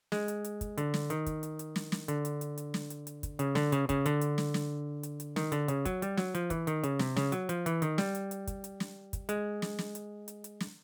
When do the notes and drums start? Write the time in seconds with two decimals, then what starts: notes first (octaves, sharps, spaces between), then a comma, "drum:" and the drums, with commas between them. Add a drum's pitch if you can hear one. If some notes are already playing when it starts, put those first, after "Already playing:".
0.12 G#3, drum: snare
0.28 drum: hi-hat
0.44 drum: hi-hat
0.61 drum: kick, hi-hat
0.78 D3, drum: hi-hat
0.94 drum: snare
1.10 D#3, drum: hi-hat
1.26 drum: kick, hi-hat
1.43 drum: hi-hat
1.59 drum: hi-hat
1.76 drum: snare
1.92 drum: snare
2.08 D3, drum: hi-hat
2.25 drum: hi-hat
2.41 drum: hi-hat
2.58 drum: hi-hat
2.74 drum: snare
2.90 drum: hi-hat
3.07 drum: hi-hat
3.23 drum: kick, hi-hat
3.39 C#3, drum: hi-hat
3.55 D3, drum: snare
3.72 C#3, drum: hi-hat
3.89 C#3, drum: kick, hi-hat
4.06 D3, drum: hi-hat
4.21 drum: hi-hat
4.38 drum: snare
4.54 drum: snare
5.03 drum: hi-hat
5.20 drum: hi-hat
5.36 D#3, drum: snare
5.52 D3, drum: hi-hat
5.68 C#3, drum: hi-hat
5.85 F#3, drum: kick, hi-hat
6.02 G3, drum: hi-hat
6.17 F#3, drum: snare
6.35 F3, drum: hi-hat
6.50 E3, drum: kick, hi-hat
6.67 D#3, drum: hi-hat
6.84 C#3, drum: hi-hat
6.99 C3, drum: snare
7.16 C#3, drum: snare
7.32 F#3, drum: hi-hat
7.49 F3, drum: hi-hat
7.66 E3, drum: hi-hat
7.82 D#3, drum: hi-hat
7.98 G3, drum: snare
8.15 drum: hi-hat
8.31 drum: hi-hat
8.47 drum: kick, hi-hat
8.64 drum: hi-hat
8.80 drum: snare
9.13 drum: kick, hi-hat
9.29 G#3, drum: hi-hat
9.62 drum: snare
9.79 drum: snare
9.95 drum: hi-hat
10.28 drum: hi-hat
10.44 drum: hi-hat
10.60 drum: snare